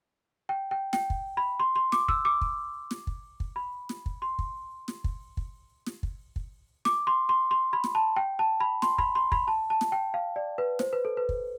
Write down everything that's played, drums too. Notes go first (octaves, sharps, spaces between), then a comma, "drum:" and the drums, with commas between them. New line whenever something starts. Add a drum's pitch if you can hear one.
G5
G5
G5, drum: snare
drum: kick
B5
C6
C6
D6, drum: snare
E6, drum: kick
D6
drum: kick
drum: snare
drum: kick
drum: kick
B5
drum: snare
drum: kick
C6
drum: kick
drum: snare
drum: kick
drum: kick
drum: snare
drum: kick
drum: kick
D6, drum: snare
C6
C6
C6
B5
drum: snare
A5
G5
A5
B5
C6, drum: snare
B5, drum: kick
C6
B5, drum: kick
A5
A5
drum: snare
G5
F5
D5
B4
C5, drum: snare
B4
A4
B4
drum: kick